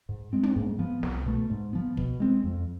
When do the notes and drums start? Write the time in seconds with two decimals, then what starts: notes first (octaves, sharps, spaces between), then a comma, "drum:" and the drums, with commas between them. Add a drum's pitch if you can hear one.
0.09 G#2
0.33 G#3 C4
0.43 drum: tom
0.56 G#2
0.79 F3 B3
1.03 C2, drum: snare
1.26 B2 A3
1.50 G#2
1.73 F3 B3
1.97 B2, drum: kick
2.20 G#3 C4
2.44 F2